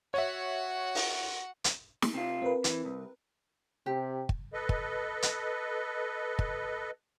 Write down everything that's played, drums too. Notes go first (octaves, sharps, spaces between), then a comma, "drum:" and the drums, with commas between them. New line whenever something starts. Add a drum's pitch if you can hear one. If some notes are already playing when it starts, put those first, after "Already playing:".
F#4 C#5 E5 F#5
drum: open hi-hat
drum: hi-hat
drum: snare
C3 F4
C4 A#4 B4
E3, drum: hi-hat
C2
C3 G4
drum: kick
A4 B4 D#5
drum: kick
drum: hi-hat
drum: kick